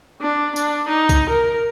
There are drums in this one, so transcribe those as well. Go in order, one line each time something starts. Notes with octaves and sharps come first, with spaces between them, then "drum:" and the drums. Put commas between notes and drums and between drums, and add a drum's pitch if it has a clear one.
D4
D4, drum: tambourine
D#4
drum: kick B1, tambourine
A#4